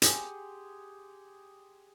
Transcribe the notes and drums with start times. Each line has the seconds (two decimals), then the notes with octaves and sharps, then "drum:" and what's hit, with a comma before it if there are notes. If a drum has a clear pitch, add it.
0.02 G4 G#4 F#5 C6, drum: hi-hat